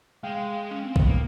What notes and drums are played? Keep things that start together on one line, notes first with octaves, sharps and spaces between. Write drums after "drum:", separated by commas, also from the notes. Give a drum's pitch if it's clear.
G#3 F5 G5
C#4
C4
B3, drum: kick
A#3